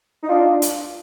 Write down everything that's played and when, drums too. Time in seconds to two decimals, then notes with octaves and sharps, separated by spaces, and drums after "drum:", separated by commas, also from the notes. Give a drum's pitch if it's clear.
0.23 D#4
0.29 D4 F4
0.62 drum: hi-hat